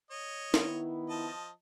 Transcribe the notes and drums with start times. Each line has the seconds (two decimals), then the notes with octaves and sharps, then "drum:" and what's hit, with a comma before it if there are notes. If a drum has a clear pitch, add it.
0.11 C#5 D#5
0.54 D#3 B3 E4, drum: snare
1.10 F3 D#5 A5